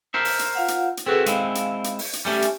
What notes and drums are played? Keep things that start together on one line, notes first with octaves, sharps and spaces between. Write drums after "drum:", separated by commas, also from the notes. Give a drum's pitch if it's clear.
A#4 C5 E5
drum: open hi-hat
drum: hi-hat
F4 F5 F#5
drum: hi-hat
drum: hi-hat
C4 F#4 G#4 A4 B4 E5
G#3 C4 E4 F5, drum: hi-hat
drum: hi-hat
drum: hi-hat
drum: open hi-hat
drum: hi-hat
G3 A3 C#4 G4 E5 G#5
drum: hi-hat